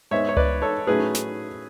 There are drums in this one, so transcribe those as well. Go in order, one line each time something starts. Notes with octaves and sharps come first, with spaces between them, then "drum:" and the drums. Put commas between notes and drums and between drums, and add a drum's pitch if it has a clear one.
G#2 G#3 B3 C#5 E5
C#5
B4 D5, drum: tom C#2
A4 C#5
A2 F#3 A3 C#4 G#4 B4
drum: snare